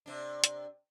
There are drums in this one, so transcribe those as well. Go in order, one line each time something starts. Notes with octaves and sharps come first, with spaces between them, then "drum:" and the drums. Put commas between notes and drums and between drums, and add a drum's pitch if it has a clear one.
C3 D4
drum: hi-hat